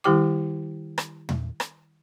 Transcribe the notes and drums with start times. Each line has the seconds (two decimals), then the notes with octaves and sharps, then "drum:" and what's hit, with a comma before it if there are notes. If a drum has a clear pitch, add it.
0.04 D#3 G3 E4 G4 G5 D6
0.98 drum: rim click
1.29 drum: tom
1.60 drum: rim click